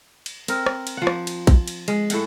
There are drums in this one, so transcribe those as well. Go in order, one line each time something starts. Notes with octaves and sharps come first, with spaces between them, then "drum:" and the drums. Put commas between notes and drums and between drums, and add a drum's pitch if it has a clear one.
drum: cymbal
C4 A#4, drum: cymbal
drum: rim click
drum: cymbal
F3 F#5
drum: rim click
drum: cymbal
drum: kick, cymbal
drum: cymbal
G#3, drum: cymbal
A2 A4 F#5 G5, drum: cymbal